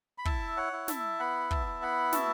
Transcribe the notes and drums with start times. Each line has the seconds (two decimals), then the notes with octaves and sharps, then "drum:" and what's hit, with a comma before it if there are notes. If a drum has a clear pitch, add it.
0.18 B5
0.25 E4 E5 A5, drum: kick
0.57 C#5 F#5
0.73 E4
0.88 E5 A5, drum: snare
1.19 B3 F#5 B5
1.51 E5 A5, drum: kick
1.66 E4
1.82 F#5 B5
2.13 F#4 E5 A5, drum: snare